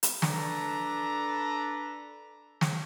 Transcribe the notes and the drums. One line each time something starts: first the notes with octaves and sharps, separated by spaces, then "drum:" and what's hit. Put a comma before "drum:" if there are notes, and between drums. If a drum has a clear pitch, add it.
drum: hi-hat
D4 A4 B4 A#5, drum: snare
drum: snare